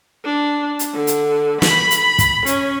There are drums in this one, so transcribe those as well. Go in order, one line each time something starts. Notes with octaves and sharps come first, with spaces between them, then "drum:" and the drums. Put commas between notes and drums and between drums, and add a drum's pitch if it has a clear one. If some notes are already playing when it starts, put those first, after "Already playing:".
D4
drum: hi-hat
D3
drum: hi-hat
B5, drum: snare
drum: hi-hat
drum: kick, hi-hat
C#4, drum: hi-hat